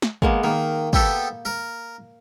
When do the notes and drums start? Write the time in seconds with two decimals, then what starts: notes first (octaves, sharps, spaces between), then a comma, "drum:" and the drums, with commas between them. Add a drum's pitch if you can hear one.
0.02 drum: snare
0.22 G#3 A#3 B3, drum: kick
0.44 D#3 A#3
0.93 B3 G4 A4, drum: kick
1.45 A#4